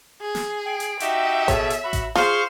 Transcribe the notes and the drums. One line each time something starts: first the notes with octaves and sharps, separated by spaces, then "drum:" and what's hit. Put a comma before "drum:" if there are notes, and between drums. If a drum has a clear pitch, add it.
G#4
drum: snare
G5
drum: hi-hat
D#4 F#4 G4 E5, drum: hi-hat
B2 G#4 A4 C#5, drum: kick A1, hi-hat
drum: hi-hat
F#4 B5
drum: kick A1, hi-hat
F4 G#4 C5 F5 C#6, drum: snare